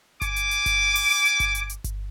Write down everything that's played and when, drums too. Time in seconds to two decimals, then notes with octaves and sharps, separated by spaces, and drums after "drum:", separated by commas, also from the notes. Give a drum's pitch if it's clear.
0.21 G#5 D6, drum: kick G1, hi-hat
0.36 drum: hi-hat
0.51 drum: hi-hat
0.66 drum: kick G1, hi-hat
0.96 drum: open hi-hat
1.10 drum: hi-hat
1.25 drum: hi-hat
1.40 drum: kick G1, hi-hat
1.55 drum: hi-hat
1.70 drum: hi-hat
1.84 drum: kick G1, hi-hat